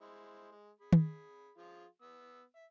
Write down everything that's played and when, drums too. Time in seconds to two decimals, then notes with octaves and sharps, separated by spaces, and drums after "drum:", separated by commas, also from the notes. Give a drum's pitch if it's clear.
0.01 G#3 E4 C5
0.52 G#3
0.81 G#4 B5
0.93 drum: tom
1.58 F3 F4 G#4
2.02 B3 E6
2.56 E5